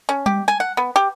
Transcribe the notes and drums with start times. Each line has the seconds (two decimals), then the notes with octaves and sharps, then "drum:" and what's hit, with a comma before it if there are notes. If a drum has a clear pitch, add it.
0.09 C#4
0.26 G4, drum: tom G3
0.48 G#5
0.60 F#5
0.77 B3
0.96 G4